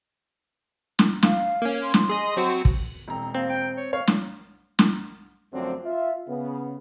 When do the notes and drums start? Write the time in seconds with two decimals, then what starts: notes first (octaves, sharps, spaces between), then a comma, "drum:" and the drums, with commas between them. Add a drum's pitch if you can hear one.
0.99 drum: snare
1.23 F5, drum: snare
1.62 A#3 C#4
1.83 C6
1.94 drum: snare
2.09 G#4 D#5
2.37 F#3 C4 F#4
2.65 drum: kick
3.08 E1 C4 A#5
3.35 A#3 C4
3.50 G5
3.77 C#5
3.93 C#5 F5
4.07 drum: snare
4.79 drum: snare
5.53 F#2 D3 F3 F#3 A3 C4
5.84 F4 E5
6.28 C#3 B3